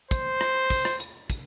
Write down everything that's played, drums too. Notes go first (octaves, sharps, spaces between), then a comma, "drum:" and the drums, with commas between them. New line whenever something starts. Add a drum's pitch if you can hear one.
C5, drum: kick, hi-hat
drum: rim click
drum: kick, open hi-hat
drum: rim click
drum: hi-hat
drum: kick, hi-hat